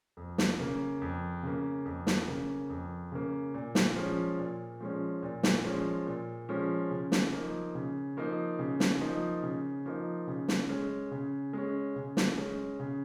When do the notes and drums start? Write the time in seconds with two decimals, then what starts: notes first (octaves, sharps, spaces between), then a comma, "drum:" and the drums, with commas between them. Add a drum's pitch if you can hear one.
0.17 F2
0.38 drum: snare
0.60 C#3 A#3
1.02 F2
1.43 C#3 A#3
1.85 F2
2.07 drum: snare
2.28 C#3 A#3
2.70 F2
3.12 C#3 A#3
3.54 A#2
3.75 drum: snare
3.96 F3 G#3 C#4
4.38 A#2
4.80 F3 G#3 C#4
5.23 A#2
5.43 drum: snare
5.64 F3 G#3 C#4
6.07 A#2
6.49 F3 G#3 C#4
6.91 C#3
7.12 drum: snare
7.33 F3 A#3 D#4
7.75 C#3
8.17 F3 A#3 D#4
8.59 C#3
8.80 drum: snare
9.01 F3 A#3 D#4
9.43 C#3
9.86 F3 A#3 D#4
10.28 C#3
10.48 drum: snare
10.69 G#3 C#4
11.11 C#3
11.53 G#3 C#4
11.96 C#3
12.17 drum: snare
12.38 G#3 C#4
12.80 C#3